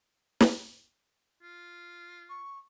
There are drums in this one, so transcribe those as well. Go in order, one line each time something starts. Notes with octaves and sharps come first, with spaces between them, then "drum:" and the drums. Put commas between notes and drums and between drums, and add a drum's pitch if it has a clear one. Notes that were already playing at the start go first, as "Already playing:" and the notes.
drum: snare
F4
C#6